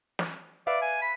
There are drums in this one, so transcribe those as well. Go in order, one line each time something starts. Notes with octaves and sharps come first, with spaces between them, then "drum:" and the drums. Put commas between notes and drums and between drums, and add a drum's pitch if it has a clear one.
drum: snare
B4 D5 E5 F5
G#5
B5